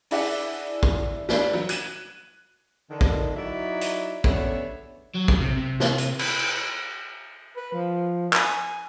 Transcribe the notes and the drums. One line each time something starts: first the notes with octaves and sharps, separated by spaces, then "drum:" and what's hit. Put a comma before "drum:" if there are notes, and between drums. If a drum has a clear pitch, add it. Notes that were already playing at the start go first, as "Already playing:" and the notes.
D4 E4 G#4 D5 E5 F#5, drum: open hi-hat
drum: kick
G3 D4, drum: snare
F#3
F#6 G#6 D#7 E7, drum: hi-hat
D3 D#3
drum: kick
F#3 D#4 E4 D5 E5
drum: hi-hat
B3 C#4 D4 A4 C#5 E5, drum: kick
F#3
drum: kick
C3
C3
drum: snare
drum: hi-hat
B4, drum: cymbal
drum: cymbal
B4
F3
G#5, drum: clap